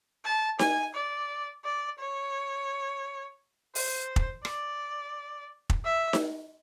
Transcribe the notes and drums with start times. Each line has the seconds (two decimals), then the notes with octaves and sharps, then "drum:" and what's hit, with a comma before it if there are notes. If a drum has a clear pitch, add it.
0.25 A5
0.59 G#5, drum: snare D#4
0.95 D5
1.65 D5
1.99 C#5
3.75 C5, drum: open hi-hat
4.16 drum: kick
4.45 D5, drum: rim click
5.70 drum: kick
5.85 E5
6.13 drum: snare D#4